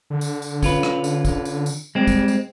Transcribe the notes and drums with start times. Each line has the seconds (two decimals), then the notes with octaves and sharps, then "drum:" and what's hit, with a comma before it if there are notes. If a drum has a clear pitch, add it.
0.10 D3
0.21 drum: tambourine
0.42 drum: tambourine
0.63 C#4 F4 B4, drum: kick, tambourine
0.83 drum: rim click
1.04 drum: tambourine
1.25 drum: kick, tambourine
1.45 drum: tambourine
1.66 drum: tambourine
1.95 G3 G#3 C4
2.07 drum: kick, tambourine
2.28 drum: tambourine